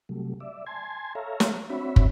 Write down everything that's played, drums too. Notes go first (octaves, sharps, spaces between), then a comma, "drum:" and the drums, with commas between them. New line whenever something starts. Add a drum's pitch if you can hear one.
C3 F#3 G3 A3
D5 E5
G#5 A5 C6 G#6
A4 C#5 E5 F5 A#5
drum: snare
C4 D4 F#4 C#5 E5 B5
drum: kick